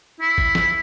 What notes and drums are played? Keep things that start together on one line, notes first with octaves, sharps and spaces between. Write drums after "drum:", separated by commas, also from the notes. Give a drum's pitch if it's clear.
E4
drum: kick G#1
drum: snare